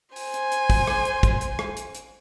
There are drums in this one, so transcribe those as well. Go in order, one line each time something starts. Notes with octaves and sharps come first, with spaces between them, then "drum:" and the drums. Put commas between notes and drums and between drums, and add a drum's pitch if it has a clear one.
C5 G#5, drum: open hi-hat
drum: hi-hat
drum: hi-hat
drum: kick, open hi-hat
drum: rim click
drum: hi-hat
drum: kick, hi-hat
drum: hi-hat
drum: rim click
drum: hi-hat
drum: hi-hat